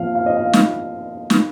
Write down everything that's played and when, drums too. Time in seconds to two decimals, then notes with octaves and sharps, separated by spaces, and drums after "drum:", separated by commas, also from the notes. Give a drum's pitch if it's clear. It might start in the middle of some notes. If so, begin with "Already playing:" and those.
Already playing: A#2 F3 F5
0.15 F5
0.26 D#5
0.37 F5
0.53 drum: snare
1.30 drum: snare